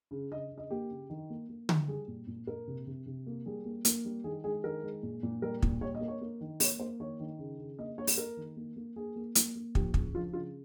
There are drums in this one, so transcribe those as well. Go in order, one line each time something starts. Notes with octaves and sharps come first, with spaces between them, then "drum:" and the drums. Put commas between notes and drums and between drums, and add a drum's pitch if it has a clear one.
C#3
C#3 D#5
C#3
D#5
A#3 G4
C#3
D#3
A#3
A#3
D#3, drum: tom D3
G3 G#4
A#2
A#2
A#2 A#4
C3
C3
C3
A#3
G3 G#4
A#3
A#3, drum: hi-hat
G3
D#3 G#4
G#3 G#4
D#3 A#4
G#3
A#2
A#2
G3 A#4
A#2, drum: kick
G3 C#5
D#5
A#3
C#5
A#3
D#3
A#3 C#5, drum: open hi-hat
A#3 C5
D#3 C#5
D#3
C#3
C#3
A#3 D#5
A#3 C#5
drum: open hi-hat
A#3 A#4
D#3
A#3
A#3
A#3 G#4
A#3
A#3, drum: hi-hat
A#3
F3 G4, drum: kick
C#3, drum: kick
F3 F4
C#3 F4